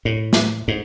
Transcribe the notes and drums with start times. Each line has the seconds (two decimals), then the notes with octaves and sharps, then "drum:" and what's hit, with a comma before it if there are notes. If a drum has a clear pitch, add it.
0.05 A2
0.33 drum: snare
0.68 G#2